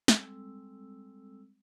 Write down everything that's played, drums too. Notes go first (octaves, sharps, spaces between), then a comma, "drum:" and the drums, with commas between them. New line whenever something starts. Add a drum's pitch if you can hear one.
G3 G#3 C4 A4 E6, drum: snare